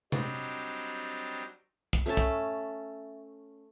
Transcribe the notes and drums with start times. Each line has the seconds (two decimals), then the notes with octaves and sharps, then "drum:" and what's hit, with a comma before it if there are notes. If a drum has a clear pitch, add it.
0.12 F#3 G3 C4 D4 D#4, drum: tom C3
1.93 drum: kick
2.06 A3 C#4 E5 A5
2.17 drum: kick